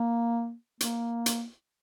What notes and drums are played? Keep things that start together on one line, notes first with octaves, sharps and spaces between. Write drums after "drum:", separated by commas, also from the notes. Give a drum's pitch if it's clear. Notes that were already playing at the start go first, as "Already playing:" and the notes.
Already playing: A#3
A#3, drum: hi-hat
drum: hi-hat